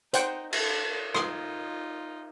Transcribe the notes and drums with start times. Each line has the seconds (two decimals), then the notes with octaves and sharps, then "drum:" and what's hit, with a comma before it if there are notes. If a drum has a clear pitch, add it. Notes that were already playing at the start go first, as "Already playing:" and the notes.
0.13 D#4 C5 F#5 G5, drum: hi-hat
0.53 A4 A5, drum: cymbal
1.15 D#4 F4 C6, drum: rim click